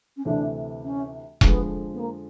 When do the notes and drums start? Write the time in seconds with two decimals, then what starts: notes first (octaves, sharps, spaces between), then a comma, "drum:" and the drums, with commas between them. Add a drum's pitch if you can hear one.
0.17 C#4
0.25 D2 C3 E3 A3 D4
0.84 C#4
1.41 F2 D3 F3 G#3 B3, drum: kick E1
1.93 B3
1.99 A#3